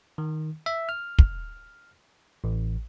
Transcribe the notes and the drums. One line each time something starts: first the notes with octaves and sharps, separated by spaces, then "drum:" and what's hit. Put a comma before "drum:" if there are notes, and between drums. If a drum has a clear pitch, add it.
D#3
E5
F6
drum: kick
A1